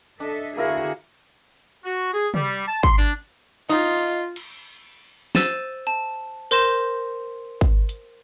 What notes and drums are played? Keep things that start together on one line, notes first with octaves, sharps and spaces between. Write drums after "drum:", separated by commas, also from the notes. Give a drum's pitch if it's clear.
D4 A4 D#5 E5, drum: tambourine
D3 A#3 E4 F#4 G#4 A#4
F#4
G#4
G3, drum: tom
A5
C6, drum: kick G#1
D4
D#4 F4
drum: cymbal
C5 E6 A6 D#7 E7, drum: snare
A5
A#4 C5 C6 G6 A#6 E7
drum: kick G#1
drum: hi-hat